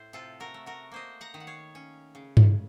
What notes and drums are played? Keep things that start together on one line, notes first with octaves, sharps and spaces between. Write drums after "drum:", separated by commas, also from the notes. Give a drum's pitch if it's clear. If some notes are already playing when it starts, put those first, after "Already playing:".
Already playing: A2 C5
C3 F4 A4
F#4 A#4
A3
F#4 A#4
A#3 C5 D#5
F#5 A#5
D#3
F#5
C#5 F5
C#4
C#3
drum: tom G2